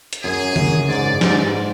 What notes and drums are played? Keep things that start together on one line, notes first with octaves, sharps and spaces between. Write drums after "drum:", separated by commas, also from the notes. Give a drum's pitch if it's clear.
drum: hi-hat
F#2 G#4
F#2, drum: tom C#3
G#2 D5
G#2 D5, drum: snare